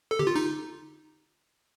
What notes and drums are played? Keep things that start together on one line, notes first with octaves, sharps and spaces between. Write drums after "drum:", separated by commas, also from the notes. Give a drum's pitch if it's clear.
A4
G4, drum: tom D3
F4
D#4, drum: tambourine